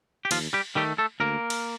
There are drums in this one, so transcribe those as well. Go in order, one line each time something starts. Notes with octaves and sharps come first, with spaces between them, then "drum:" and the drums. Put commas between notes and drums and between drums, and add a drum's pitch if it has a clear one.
G4
D#2 F3 F4, drum: cymbal
G3 G4
D#3 G3 A3 G4
A3 A4
D2 A#3 A#4
drum: cymbal